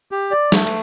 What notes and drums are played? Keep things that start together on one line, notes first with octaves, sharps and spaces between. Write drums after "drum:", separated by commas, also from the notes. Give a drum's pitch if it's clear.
G4
D5
A3, drum: snare
drum: cymbal